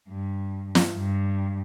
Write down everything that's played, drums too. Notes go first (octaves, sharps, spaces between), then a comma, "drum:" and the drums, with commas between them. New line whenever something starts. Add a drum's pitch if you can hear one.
G2
drum: snare
G2